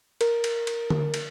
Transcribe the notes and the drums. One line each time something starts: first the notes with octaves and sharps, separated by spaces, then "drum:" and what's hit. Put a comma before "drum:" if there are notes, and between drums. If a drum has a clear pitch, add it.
A#4, drum: cymbal
drum: cymbal
drum: cymbal
drum: tom D3
drum: cymbal